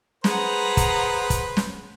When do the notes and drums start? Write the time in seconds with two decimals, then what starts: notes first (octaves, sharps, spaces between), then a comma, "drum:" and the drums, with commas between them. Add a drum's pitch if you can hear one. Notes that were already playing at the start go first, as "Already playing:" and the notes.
0.24 G#4 B4 C5 F#5 A#5, drum: snare
0.77 drum: kick, hi-hat
1.30 drum: kick, hi-hat
1.57 drum: snare